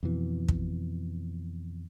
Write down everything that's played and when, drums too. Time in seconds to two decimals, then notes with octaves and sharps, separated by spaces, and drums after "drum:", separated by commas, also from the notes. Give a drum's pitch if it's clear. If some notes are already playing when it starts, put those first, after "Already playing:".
0.03 F2 B2 E3
0.48 drum: kick